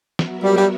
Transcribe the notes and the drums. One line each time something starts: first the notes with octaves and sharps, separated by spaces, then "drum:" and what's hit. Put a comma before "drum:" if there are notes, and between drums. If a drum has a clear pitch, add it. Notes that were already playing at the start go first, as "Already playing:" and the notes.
F#3 B3 F#4 A#4 E5, drum: snare
G3
G3